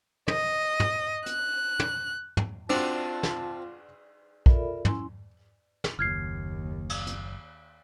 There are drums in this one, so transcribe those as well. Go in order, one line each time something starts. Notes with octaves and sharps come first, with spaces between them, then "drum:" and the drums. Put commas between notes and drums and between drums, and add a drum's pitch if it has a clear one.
D#5, drum: tom
drum: tom
F#6, drum: hi-hat
drum: tom
drum: tom
C4 D4 F4 F#4 A5, drum: cymbal
drum: snare
F4 A4 A#4 D5 E5 B5, drum: kick
C#4 E4 G#5 C6, drum: tom
drum: snare
F#1 D#2 F6 G#6 C7
drum: cymbal
drum: hi-hat